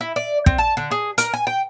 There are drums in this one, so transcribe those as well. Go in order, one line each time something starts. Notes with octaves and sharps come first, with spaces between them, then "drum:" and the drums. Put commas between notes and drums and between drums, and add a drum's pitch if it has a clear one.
E4
D5
C4, drum: kick
A5
D3
G#4
A#4, drum: hi-hat
G#5
G5